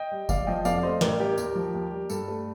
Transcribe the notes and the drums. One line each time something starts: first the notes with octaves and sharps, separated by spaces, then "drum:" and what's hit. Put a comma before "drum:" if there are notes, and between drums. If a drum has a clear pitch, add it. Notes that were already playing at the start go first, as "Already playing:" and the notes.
Already playing: D#5 G5
G3
A#1 D5 F5, drum: kick F#1, tambourine
F3 D#5 G5
F2 D5 F5, drum: tambourine
F5
A3 C5 D#5
A1 A#4 D5, drum: snare
G3 G4 A#4
D#2, drum: tambourine
F3
D#2
G3
G2 A4, drum: tambourine
A3